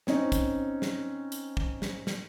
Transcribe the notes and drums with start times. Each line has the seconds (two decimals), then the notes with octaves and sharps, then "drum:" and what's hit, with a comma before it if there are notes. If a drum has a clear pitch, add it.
0.07 C4 C#4 D#4, drum: snare
0.32 drum: kick, hi-hat
0.82 drum: snare
1.32 drum: hi-hat
1.57 drum: kick
1.82 drum: snare
2.07 drum: snare